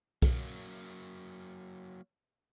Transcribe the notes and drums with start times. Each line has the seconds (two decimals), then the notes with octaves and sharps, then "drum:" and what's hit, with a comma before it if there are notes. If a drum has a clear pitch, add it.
0.22 F#3 A#3, drum: kick B1